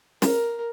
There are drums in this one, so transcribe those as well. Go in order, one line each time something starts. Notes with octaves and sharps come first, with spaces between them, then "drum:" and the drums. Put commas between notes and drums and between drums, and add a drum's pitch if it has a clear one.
A#4, drum: snare